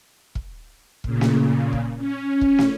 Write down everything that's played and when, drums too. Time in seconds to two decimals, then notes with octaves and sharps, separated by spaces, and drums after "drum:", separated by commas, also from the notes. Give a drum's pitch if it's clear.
0.35 drum: kick
1.04 A#2 C#3, drum: kick
1.21 drum: snare
1.73 drum: kick
1.98 C#4
2.41 drum: kick
2.58 drum: snare